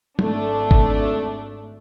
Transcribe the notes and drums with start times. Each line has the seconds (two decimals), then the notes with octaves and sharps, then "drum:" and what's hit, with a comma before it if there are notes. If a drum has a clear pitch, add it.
0.19 G#1 A3 D4, drum: tom
0.71 drum: kick G1